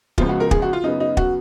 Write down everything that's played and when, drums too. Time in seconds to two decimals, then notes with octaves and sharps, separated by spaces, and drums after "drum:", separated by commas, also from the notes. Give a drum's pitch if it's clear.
0.18 C#2 C#3 F3 G#3 B3 F4, drum: kick
0.29 F#4
0.40 A#4
0.51 G#4, drum: kick
0.62 F#4
0.73 F4
0.84 F#2 C#3 F#3 B3 D#4
1.00 D#4
1.17 F#4, drum: kick